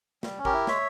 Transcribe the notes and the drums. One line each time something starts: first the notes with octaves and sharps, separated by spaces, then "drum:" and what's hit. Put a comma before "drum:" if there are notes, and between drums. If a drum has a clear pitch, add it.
G3, drum: snare
C#4
G4 A#4, drum: kick G1
E4
G#3 C#5 E5, drum: snare